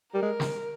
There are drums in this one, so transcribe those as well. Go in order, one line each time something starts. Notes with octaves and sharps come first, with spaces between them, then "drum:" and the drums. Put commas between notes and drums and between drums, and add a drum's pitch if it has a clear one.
G3 A#4
G#3
drum: snare